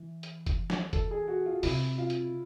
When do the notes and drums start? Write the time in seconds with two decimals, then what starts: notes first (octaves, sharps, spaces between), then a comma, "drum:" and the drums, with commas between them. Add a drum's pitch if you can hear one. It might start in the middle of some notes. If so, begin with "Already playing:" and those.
Already playing: E3
0.23 drum: hi-hat
0.46 drum: kick F#1, hi-hat
0.70 drum: snare
0.93 A4, drum: kick F#1, hi-hat
1.11 G#4
1.28 F#4
1.46 F4
1.63 C3 E4, drum: open hi-hat
1.98 F4
2.10 drum: hi-hat